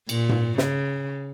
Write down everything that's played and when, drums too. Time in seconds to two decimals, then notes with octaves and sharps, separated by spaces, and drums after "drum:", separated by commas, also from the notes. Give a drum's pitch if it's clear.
0.09 A#2, drum: cymbal
0.29 drum: tom G#2
0.58 C#3, drum: snare